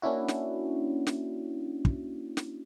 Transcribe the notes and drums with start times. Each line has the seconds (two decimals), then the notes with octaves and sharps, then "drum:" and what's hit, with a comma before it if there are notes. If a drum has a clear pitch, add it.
0.02 A#3 C#4 D4 E4 F#4
0.28 drum: snare
1.07 drum: snare
1.85 drum: kick
2.37 drum: snare